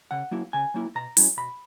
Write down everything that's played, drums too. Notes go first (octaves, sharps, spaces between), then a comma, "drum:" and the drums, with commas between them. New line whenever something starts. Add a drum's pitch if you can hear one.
C#3 F#5
F#3 A#3 E4
C#3 G#5
F#3 A#3 E4
B2 A#5
F#3 C#4 E4, drum: open hi-hat
B2 B5